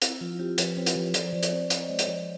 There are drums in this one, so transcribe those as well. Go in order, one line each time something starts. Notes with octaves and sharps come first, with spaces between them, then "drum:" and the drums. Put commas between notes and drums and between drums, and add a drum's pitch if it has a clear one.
C4 E4, drum: hi-hat
F3 F4
C4 F4 G4
F3 B4 C#5, drum: hi-hat
C4
drum: hi-hat
F3
F3 C5 D5, drum: hi-hat
F3
drum: hi-hat
C4
C4 C#5 D#5, drum: hi-hat
G#3
drum: hi-hat
F3